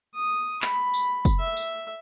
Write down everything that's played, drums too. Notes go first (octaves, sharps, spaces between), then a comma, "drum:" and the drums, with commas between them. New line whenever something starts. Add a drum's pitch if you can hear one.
D#6
B5, drum: clap
drum: tambourine
drum: kick, tambourine
E5
drum: tambourine